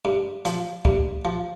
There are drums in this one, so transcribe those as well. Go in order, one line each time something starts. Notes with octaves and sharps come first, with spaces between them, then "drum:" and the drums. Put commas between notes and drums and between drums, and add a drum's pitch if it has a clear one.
G2
F3, drum: hi-hat
G2, drum: kick C2
F3